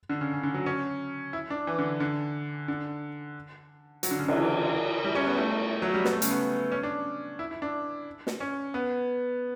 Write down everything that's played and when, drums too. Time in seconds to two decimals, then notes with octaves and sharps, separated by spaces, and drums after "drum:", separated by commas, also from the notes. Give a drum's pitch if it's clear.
0.09 D3
0.21 C#3
0.33 C#3
0.43 D3
0.54 F#3
0.66 C#4
1.33 E4
1.50 D4
1.67 E3
1.79 D3
2.00 D3
2.68 D3
4.03 F#3, drum: hi-hat
4.11 D3
4.19 C#3
4.28 D3, drum: cymbal
4.36 E3
5.04 G3
5.15 C#4
5.26 B3
5.37 A3
5.82 F#3
5.94 G3
6.05 B3, drum: snare
6.13 A3
6.22 C#3, drum: hi-hat
6.31 B3
6.72 C#4
6.83 D4
7.39 E4
7.51 E4
7.62 D4
8.27 drum: snare
8.40 C#4
8.74 B3